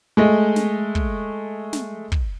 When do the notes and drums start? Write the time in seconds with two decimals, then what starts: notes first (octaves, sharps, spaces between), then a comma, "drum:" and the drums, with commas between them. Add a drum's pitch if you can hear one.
0.17 G#3 A3 D#5
0.56 drum: snare
0.95 drum: kick
1.73 drum: snare
2.12 drum: kick